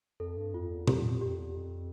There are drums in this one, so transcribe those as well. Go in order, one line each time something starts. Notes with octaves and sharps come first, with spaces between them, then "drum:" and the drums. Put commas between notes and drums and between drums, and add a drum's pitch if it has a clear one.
F2 A4
G2
F2 F4
E2
E2 G4, drum: tom A#2
F2
F2 G4
E2
F2